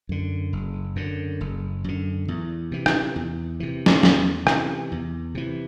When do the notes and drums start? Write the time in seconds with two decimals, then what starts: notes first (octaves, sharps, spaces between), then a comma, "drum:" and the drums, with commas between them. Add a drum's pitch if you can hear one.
0.09 F#2 D3
0.53 F#1
0.96 F#2 D3
1.41 F#1
1.84 F#2 D3
2.28 E2
2.72 C3 E3
2.86 drum: rim click
3.16 E2
3.60 C3 E3
3.86 drum: snare
4.03 E2, drum: snare
4.47 C3 E3, drum: rim click
4.92 E2
5.35 C3 E3